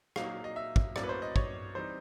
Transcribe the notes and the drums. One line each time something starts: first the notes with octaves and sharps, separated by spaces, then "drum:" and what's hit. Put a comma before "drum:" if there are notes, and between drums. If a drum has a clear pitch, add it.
A#2 F#3 A#3 D#4 F5, drum: rim click
D#5
E5
drum: kick
A2 F#3 A#3 C#4 D5, drum: rim click
B4
C5
D#5
C#5, drum: kick
E3 G3 C4 D#4 C5